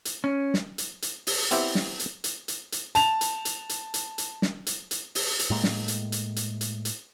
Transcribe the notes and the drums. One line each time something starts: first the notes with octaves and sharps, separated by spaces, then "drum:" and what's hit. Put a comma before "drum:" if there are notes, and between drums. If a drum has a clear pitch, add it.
drum: hi-hat
C#4
drum: snare
drum: hi-hat
drum: hi-hat
drum: open hi-hat
B3 C4 E4 G4 E5 G5, drum: hi-hat
drum: snare
drum: hi-hat
drum: hi-hat
drum: hi-hat
drum: hi-hat
A5 F7, drum: hi-hat
drum: hi-hat
drum: hi-hat
drum: hi-hat
drum: hi-hat
drum: hi-hat
drum: snare
drum: hi-hat
drum: hi-hat
drum: open hi-hat
drum: hi-hat
A2 G#3 A#3
drum: snare
drum: hi-hat
drum: hi-hat
drum: hi-hat
drum: hi-hat
drum: hi-hat